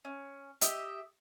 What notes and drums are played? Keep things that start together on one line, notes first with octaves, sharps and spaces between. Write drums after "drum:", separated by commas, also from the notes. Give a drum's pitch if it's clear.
C#4
G4 D#5 E5, drum: hi-hat